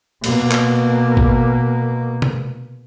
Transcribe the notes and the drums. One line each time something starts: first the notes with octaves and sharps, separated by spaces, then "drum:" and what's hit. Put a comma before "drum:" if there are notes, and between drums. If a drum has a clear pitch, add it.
B2 A#3, drum: cymbal
drum: clap
drum: kick A1
drum: tom C3